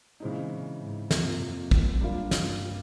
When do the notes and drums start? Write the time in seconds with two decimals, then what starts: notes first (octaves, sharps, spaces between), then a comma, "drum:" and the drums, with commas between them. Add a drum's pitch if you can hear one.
0.20 A#2 C#3 E3 G#3 C4 D#4
0.81 G#2
1.11 G2 C3 F3 A#3, drum: snare
1.41 F2
1.71 F#2, drum: kick
2.01 G3 A#3 D4 F4 A#4
2.31 G2, drum: snare